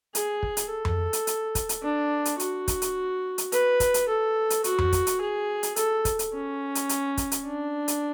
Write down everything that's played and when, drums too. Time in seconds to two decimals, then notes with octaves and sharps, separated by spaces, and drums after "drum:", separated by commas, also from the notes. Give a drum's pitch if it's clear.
0.15 G#4, drum: hi-hat
0.43 drum: kick
0.57 drum: hi-hat
0.70 A4
0.85 drum: tom F2
1.13 drum: hi-hat
1.27 drum: hi-hat
1.55 drum: kick, hi-hat
1.69 drum: hi-hat
1.83 D4
2.25 drum: hi-hat
2.40 F#4, drum: hi-hat
2.68 drum: kick, hi-hat
2.82 drum: hi-hat
3.38 drum: hi-hat
3.52 B4, drum: hi-hat
3.80 drum: kick, hi-hat
3.94 drum: hi-hat
4.08 A4
4.50 drum: hi-hat
4.64 F#4, drum: hi-hat
4.78 drum: tom F2
4.93 drum: kick, hi-hat
5.07 drum: hi-hat
5.21 G#4
5.63 drum: hi-hat
5.76 A4, drum: hi-hat
6.05 drum: kick, hi-hat
6.19 drum: hi-hat
6.33 C#4
6.75 drum: hi-hat
6.89 drum: hi-hat
7.17 drum: kick, hi-hat
7.32 drum: hi-hat
7.46 D4
7.88 drum: hi-hat